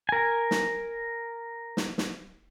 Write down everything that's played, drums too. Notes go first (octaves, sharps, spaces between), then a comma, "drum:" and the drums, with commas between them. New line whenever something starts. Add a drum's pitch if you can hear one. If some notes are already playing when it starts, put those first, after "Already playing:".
A#4 G#5
drum: snare
drum: snare
drum: snare